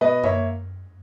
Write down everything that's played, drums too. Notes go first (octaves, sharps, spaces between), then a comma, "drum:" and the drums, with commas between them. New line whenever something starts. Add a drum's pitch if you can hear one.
B2 B4 D#5
A#3 C#5 E5, drum: tom F#2